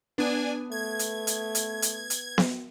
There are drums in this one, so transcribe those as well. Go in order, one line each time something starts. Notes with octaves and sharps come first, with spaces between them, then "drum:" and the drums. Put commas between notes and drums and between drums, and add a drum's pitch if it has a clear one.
B3 D4 G#5
A3 G#6
drum: hi-hat
drum: hi-hat
drum: hi-hat
drum: hi-hat
drum: hi-hat
drum: snare B3